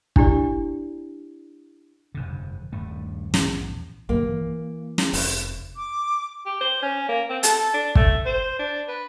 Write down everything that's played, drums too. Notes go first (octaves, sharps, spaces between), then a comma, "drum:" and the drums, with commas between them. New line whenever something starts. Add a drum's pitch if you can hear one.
D4 E4 G4 D5, drum: kick
F1 G2 D3
D#1 G2 G3 A3
A#1 E2 G#2, drum: snare
B1 G2 D#3 A#3
E3
drum: snare
F1, drum: open hi-hat
D6
G4
C5
C#4
A#3
C4
A4, drum: hi-hat
D4
A3, drum: kick
C5
D4
B4